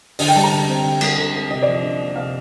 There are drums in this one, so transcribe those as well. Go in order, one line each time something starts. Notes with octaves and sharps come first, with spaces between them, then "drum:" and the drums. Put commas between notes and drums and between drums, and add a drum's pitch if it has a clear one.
D3 D#5, drum: open hi-hat
G5
G3 A5
A#5
D3 A5
C4
D3
G3, drum: cymbal
D3
C4
C3 D#5
F3 D5
D#5
D4
A#3
C3 F5